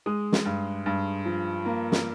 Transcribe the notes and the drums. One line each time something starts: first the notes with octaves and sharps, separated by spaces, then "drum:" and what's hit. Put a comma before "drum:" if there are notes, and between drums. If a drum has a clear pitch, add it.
G#3 D#6
drum: snare
G2
G2
F3
A#3
drum: snare